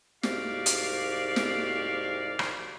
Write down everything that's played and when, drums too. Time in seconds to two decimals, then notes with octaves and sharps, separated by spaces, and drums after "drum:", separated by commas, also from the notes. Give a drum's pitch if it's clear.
0.23 C2 G#2 F#4 G4 D5 F5, drum: snare
0.66 drum: hi-hat
1.36 drum: snare
2.39 drum: rim click